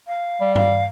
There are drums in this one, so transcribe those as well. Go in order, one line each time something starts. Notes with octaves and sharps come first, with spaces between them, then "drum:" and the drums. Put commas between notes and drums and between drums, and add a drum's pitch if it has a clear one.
F5
G3
F5, drum: tom G2